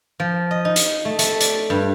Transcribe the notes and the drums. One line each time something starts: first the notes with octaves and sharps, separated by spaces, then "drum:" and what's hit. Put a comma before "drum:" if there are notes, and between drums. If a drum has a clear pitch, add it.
F3
D#5
D#4
drum: hi-hat
A3
A3, drum: hi-hat
D5, drum: hi-hat
G2